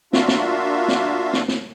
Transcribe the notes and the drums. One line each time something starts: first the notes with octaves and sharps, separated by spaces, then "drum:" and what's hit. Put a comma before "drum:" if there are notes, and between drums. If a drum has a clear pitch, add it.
A#3 D4 F4 F#4 E5 F5, drum: snare
drum: snare
drum: snare
drum: snare
drum: snare